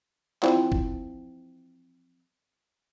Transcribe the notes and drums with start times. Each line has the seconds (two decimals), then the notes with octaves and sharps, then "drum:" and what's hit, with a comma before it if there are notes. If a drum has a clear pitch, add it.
0.43 E3 F3 C4, drum: clap
0.72 drum: kick